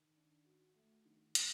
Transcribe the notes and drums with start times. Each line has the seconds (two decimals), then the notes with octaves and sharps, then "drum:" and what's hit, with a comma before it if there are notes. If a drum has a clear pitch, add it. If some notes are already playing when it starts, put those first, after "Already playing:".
Already playing: D#3
0.15 D4
0.45 F#4
0.75 A3
1.05 D#3
1.35 D4, drum: hi-hat